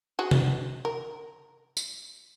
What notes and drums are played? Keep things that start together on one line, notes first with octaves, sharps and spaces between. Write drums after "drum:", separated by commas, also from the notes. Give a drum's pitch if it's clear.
F#4 G#4
drum: tom C3
A#4
drum: tambourine